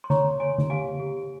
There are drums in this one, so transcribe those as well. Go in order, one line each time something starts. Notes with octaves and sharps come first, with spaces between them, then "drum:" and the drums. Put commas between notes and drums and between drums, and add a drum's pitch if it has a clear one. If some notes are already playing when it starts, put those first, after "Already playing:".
C6
C#5 A#5 C#6, drum: tom D3
C#5 G#5 C6
drum: tom D3
G4 F5 G#5
G4